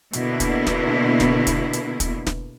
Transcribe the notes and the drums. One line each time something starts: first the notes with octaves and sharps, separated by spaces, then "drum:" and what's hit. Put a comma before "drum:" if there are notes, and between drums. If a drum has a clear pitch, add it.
B2 D3 A#3 B3 E4, drum: hi-hat
drum: kick, hi-hat
drum: snare
drum: snare
drum: kick, hi-hat
drum: hi-hat
drum: kick, hi-hat
drum: snare